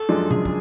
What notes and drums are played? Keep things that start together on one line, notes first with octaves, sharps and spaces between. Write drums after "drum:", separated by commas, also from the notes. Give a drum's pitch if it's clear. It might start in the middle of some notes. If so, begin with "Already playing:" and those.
Already playing: A4
F#2 F3 G#3 D4
F#1 G#4, drum: tom
drum: kick